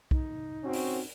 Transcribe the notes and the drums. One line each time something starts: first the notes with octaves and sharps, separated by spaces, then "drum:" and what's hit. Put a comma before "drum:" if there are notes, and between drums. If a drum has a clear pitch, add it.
D#4, drum: kick B1
C4 C#4 F#4
drum: open hi-hat